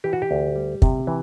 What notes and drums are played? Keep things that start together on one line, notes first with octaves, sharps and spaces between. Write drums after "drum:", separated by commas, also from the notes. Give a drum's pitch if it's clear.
E3 G4
F#4
G4
D2
G3
C3, drum: kick
E3